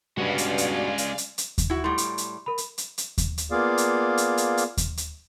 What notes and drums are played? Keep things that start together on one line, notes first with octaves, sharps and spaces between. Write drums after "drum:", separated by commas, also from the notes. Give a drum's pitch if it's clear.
G2 G#3 C#4 F#4 B4 D5 F5
drum: hi-hat
drum: hi-hat
drum: hi-hat
drum: hi-hat
drum: hi-hat
drum: kick D#2, hi-hat
E4 F#4
A2 G3 C6
drum: hi-hat
drum: hi-hat
A#4 B5
drum: hi-hat
drum: hi-hat
drum: hi-hat
drum: kick D#2, hi-hat
drum: hi-hat
A#3 B3 F4 G#4 D5 F5
drum: hi-hat
drum: hi-hat
drum: hi-hat
drum: hi-hat
drum: kick D#2, hi-hat
drum: hi-hat